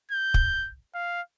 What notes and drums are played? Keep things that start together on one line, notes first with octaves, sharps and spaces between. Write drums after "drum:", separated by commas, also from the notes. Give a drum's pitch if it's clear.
G6
drum: kick
F5